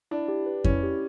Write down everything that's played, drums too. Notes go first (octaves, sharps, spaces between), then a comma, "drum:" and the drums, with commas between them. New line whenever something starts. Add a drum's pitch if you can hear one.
D4 E4
G4
B4
C#4 E4, drum: kick F2
G4